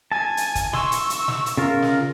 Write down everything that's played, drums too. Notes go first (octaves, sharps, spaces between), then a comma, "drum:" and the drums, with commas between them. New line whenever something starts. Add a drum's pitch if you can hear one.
G#5 A5
drum: hi-hat
drum: kick, hi-hat
C6 C#6 E6, drum: snare
drum: hi-hat
drum: hi-hat
drum: snare
drum: hi-hat
C#3 F4 A#4
drum: snare